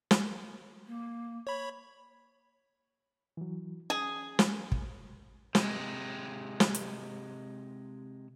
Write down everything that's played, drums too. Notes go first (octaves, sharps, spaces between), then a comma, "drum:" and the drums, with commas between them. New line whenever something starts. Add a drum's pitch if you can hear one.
drum: snare
A#3
C#5 B5
E3 F#3
C#4 G#4
drum: snare
drum: kick
C3 G#3, drum: snare
drum: snare
drum: hi-hat